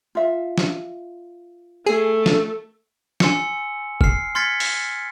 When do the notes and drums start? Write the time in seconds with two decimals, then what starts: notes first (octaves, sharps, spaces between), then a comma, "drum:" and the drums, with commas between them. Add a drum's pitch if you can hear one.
0.15 F4 E5
0.58 drum: snare
1.86 A3 G#4
2.26 drum: snare
3.20 G#5 C6 E6 C#7, drum: snare
4.01 F6 C7, drum: kick
4.35 C6 F6 G#6 A6 B6 C#7
4.60 drum: open hi-hat